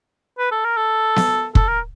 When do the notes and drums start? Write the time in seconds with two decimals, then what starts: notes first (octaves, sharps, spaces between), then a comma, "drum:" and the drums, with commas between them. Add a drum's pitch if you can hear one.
0.38 B4
0.52 A4
0.65 A#4
0.77 A4
1.16 drum: snare B3
1.55 A4, drum: kick
1.68 A#4